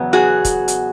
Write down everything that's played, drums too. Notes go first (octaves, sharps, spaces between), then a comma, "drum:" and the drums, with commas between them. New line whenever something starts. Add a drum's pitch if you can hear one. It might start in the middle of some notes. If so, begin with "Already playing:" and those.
Already playing: E2 C#3 F#3 B3
F#4 G#4
drum: kick, hi-hat
drum: hi-hat